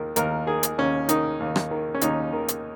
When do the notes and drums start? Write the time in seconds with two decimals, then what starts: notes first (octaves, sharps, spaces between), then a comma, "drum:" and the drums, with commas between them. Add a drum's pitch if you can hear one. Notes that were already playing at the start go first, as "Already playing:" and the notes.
Already playing: D#2 D#3
0.16 D#2 A#4, drum: hi-hat
0.47 D#3 G#4
0.63 drum: hi-hat
0.78 D#2 C#4
1.09 D#3 D#4, drum: hi-hat
1.40 D#2
1.56 drum: rim click
1.71 D#3
1.94 C#4
2.01 D#2 D#4, drum: hi-hat
2.33 D#3
2.48 drum: hi-hat